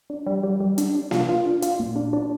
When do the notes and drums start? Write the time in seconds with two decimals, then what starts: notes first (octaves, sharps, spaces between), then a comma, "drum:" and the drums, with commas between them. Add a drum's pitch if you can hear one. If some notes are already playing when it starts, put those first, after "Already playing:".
0.10 D4
0.26 G3
0.43 G3
0.60 G3
0.78 D4, drum: hi-hat
0.95 D4
1.11 F4, drum: snare A#3
1.29 F4
1.46 D4
1.62 F4, drum: hi-hat
1.80 A#2
1.96 D4
2.13 D4